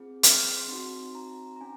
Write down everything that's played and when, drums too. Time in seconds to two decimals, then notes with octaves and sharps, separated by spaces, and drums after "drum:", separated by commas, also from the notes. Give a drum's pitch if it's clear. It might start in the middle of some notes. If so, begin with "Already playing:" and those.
Already playing: C4 F4 G#4
0.23 F6, drum: hi-hat
0.57 C6
0.68 C4 D#4 F#4 C6
1.15 A#5
1.56 A#5
1.61 C#4 G#5